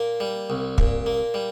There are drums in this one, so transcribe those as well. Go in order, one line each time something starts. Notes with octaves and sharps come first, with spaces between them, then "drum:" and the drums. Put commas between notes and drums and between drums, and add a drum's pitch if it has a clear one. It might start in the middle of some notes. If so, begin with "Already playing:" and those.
Already playing: A#2 A#3
G3
C2
A#2, drum: kick
A#3
G3